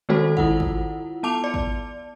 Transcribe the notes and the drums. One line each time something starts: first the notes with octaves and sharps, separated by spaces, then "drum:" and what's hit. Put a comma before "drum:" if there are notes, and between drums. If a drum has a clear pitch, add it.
D#3 G#3 C4 F#4 A4 C5
E4 F4 F#5, drum: kick
drum: kick
B3 A5 D6 F7
D5
drum: kick